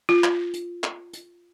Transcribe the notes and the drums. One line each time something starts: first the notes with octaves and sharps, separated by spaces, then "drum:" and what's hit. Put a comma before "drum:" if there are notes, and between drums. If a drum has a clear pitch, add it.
F4
drum: clap
drum: hi-hat
drum: clap
drum: hi-hat